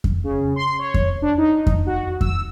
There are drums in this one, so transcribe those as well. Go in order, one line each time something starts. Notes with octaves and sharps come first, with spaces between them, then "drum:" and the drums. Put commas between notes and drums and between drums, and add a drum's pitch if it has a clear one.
drum: kick F2
C#3
C6
C#5
drum: kick F2
D4
D#4
drum: kick F2
F#4
E6, drum: kick F2